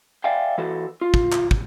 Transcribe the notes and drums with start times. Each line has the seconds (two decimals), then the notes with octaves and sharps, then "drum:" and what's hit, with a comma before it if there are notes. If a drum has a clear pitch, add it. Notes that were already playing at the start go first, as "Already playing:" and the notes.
0.24 D5 E5 F5 G5 G#5
0.58 E3 F#4 A4
1.01 F4
1.14 drum: kick
1.32 drum: clap
1.51 drum: kick